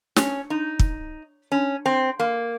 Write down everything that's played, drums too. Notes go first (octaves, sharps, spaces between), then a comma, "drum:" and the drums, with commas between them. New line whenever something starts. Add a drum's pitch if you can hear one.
C#4, drum: snare
D#4
drum: kick
C#4
C4
A#3